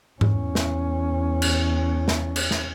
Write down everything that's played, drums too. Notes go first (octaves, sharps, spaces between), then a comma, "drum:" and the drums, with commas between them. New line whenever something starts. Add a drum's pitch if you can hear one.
E2 C#4, drum: tom G#2
drum: snare
drum: cymbal
drum: snare
drum: cymbal
drum: snare